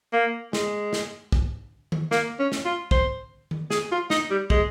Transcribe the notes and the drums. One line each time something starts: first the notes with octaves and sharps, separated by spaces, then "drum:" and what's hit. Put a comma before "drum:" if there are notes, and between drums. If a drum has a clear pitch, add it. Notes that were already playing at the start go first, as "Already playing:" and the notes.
A#3
G#3, drum: snare
drum: snare
drum: kick
drum: tom D#3
A#3, drum: snare
C#4
drum: snare
F4
C5, drum: kick
drum: tom D#3
G#4, drum: snare
F4
D#4, drum: snare
G3
G#3, drum: kick